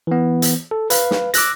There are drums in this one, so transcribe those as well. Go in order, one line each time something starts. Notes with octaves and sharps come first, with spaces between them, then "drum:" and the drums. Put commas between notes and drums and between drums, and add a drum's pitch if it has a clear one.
E3 B3
drum: hi-hat
A4
B4 F5, drum: hi-hat
drum: snare
D6 E6 F#6 A#6, drum: hi-hat